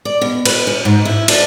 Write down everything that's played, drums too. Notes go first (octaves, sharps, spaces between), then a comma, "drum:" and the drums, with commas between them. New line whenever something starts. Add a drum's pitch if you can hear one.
D5
B2
B4, drum: cymbal
C#4
G#2
E4
D4, drum: cymbal